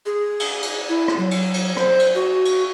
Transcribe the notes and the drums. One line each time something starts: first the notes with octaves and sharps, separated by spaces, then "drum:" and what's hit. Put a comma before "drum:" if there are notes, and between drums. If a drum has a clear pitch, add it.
G#4
drum: cymbal
drum: cymbal
E4
drum: rim click
F#3
drum: cymbal
drum: cymbal
C5, drum: rim click
drum: cymbal
F#4
drum: cymbal